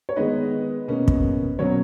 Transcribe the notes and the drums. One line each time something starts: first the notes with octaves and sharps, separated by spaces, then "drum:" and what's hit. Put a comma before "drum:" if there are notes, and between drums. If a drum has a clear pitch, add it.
C#5
D#3 G#3 B3 B4 D#5
B2 A#3 C#4
drum: kick
B2 F#3 A#3 C#4 A#4 C#5